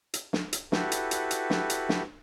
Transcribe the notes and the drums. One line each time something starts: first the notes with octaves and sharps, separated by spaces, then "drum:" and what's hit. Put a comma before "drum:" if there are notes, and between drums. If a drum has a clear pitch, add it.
drum: hi-hat
drum: snare
drum: hi-hat
E4 F#4 G4 A4 B4, drum: snare
drum: hi-hat
drum: hi-hat
drum: hi-hat
drum: snare
drum: hi-hat
drum: snare